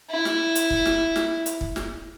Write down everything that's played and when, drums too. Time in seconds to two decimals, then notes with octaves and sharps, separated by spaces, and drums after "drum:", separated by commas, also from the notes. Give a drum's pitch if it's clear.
0.11 E4
0.25 drum: snare
0.55 drum: hi-hat
0.70 drum: kick
0.85 drum: snare
1.16 drum: snare
1.46 drum: hi-hat
1.61 drum: kick
1.76 drum: snare